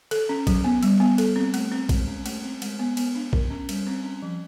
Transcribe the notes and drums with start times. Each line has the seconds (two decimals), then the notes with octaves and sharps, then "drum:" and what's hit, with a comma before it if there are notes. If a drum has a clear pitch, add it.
0.11 A4, drum: cymbal
0.29 C#4
0.47 F#3, drum: kick A#1, cymbal
0.64 B3
0.83 G3, drum: cymbal
1.00 B3
1.18 A4, drum: cymbal
1.36 C4
1.54 A3, drum: cymbal
1.72 C4
1.89 G#3, drum: kick A#1, cymbal
2.07 C#4
2.26 A3, drum: cymbal
2.44 C4
2.62 G#3, drum: cymbal
2.79 B3
2.97 B3, drum: cymbal
3.15 D4
3.33 A#4, drum: kick A#1
3.50 C#4
3.69 G3, drum: cymbal
3.87 C4
4.04 C#4
4.22 F3